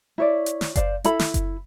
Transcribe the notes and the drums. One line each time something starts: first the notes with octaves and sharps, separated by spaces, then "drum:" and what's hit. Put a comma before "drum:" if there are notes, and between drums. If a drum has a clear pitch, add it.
E4 C#5 D5
drum: hi-hat
drum: snare
C5 D5 F5, drum: kick F#1, hi-hat
E4 A4 B5, drum: hi-hat
drum: snare
drum: kick F#1, hi-hat